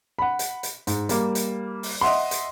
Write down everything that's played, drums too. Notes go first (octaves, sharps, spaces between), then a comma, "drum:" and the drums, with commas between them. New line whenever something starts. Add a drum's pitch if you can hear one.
F#5 B5
drum: hi-hat
drum: hi-hat
G#2, drum: hi-hat
G3 A#3, drum: hi-hat
drum: hi-hat
drum: open hi-hat
D#5 E5 F#5 C6
drum: hi-hat